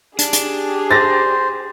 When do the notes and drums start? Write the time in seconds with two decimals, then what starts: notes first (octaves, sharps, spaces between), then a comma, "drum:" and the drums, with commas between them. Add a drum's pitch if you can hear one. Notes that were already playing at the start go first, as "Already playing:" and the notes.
0.19 D4 G4 G#4, drum: hi-hat
0.33 drum: hi-hat
0.91 C5 A6 A#6